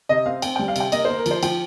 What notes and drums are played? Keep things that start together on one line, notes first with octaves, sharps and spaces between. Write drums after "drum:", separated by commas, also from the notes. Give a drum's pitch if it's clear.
C3 D#5
C4 F5
C4 G5, drum: cymbal
G3 G5
F5
C3 G5, drum: cymbal
A#3 D#5, drum: cymbal
A#3 C5
A#4
F3 C5, drum: cymbal
F3 G5, drum: cymbal